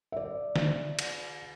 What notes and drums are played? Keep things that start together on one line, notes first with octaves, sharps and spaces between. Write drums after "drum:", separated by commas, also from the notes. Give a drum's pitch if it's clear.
D5 E5
drum: snare
drum: cymbal